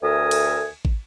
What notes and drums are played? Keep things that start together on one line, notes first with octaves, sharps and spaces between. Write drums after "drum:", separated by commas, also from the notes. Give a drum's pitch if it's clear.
D2 A4 A#4 E5 G#5 D#6
drum: cymbal
drum: kick